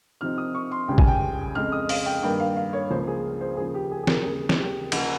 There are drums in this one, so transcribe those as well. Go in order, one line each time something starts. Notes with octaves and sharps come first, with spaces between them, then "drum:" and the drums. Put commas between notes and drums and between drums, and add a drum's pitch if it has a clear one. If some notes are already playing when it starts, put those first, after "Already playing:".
C3 F3 C4 D#4 F6
D#6
C#6
C6
C#2 C#3 G3 C#4 G5
G#5, drum: kick A1
G5
F2 C#3 G#3 F6
D#6
F5, drum: open hi-hat
G5
G2 D#3 A#3 G5
F5
F5
C#5
C#2 C#3 F3 A#3 C5
G#4
C5
D#2 C#3 F3 G#4
G4
G#4
G#4
A#4, drum: snare
D#2 C#3 G3 G#4
drum: snare
G4
D#2 C#3 F3, drum: cymbal